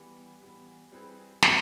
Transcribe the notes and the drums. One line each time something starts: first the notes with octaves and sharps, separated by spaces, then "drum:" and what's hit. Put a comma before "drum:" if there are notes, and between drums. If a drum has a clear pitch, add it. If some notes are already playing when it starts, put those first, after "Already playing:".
Already playing: E3 G3 B3
E3 G3 B3
G3 C4 E4 G#4 B4
G3 C4 E4 G#4 B4, drum: snare